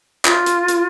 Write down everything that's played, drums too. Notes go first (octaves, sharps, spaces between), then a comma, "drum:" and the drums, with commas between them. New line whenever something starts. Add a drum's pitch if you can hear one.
F4, drum: clap
drum: hi-hat
drum: hi-hat